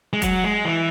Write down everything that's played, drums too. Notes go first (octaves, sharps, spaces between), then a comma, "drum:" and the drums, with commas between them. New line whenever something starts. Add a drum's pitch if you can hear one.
G#3
F#3, drum: kick F1, hi-hat
G#3
E3